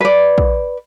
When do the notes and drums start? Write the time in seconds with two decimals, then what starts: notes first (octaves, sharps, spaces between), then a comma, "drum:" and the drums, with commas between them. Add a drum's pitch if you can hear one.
0.01 B4 D5
0.38 drum: kick